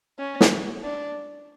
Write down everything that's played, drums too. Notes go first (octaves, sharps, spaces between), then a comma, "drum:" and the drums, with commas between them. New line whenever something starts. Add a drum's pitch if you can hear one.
C#4
drum: snare
D4